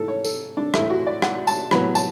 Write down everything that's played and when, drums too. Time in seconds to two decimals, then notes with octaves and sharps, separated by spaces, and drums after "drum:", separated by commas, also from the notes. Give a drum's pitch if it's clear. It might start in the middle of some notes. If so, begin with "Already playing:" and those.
Already playing: G#2 E3 A3 A4
0.08 C#5
0.24 A4, drum: tambourine
0.57 D4
0.74 A2 E3 A3 E4, drum: rim click
0.90 F#4
1.07 D5
1.22 F#5, drum: rim click
1.47 A5, drum: tambourine
1.71 A2 F#3 B3 B5, drum: rim click
1.95 A5, drum: tambourine